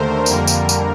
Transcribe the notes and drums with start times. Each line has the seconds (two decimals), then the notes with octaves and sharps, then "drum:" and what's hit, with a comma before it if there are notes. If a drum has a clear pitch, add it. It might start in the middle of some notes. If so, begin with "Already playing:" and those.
Already playing: D#2 D3 A3 A#4 C5
0.26 F2 D3 G3 A#3 A#4, drum: tambourine
0.47 drum: tambourine
0.69 drum: tambourine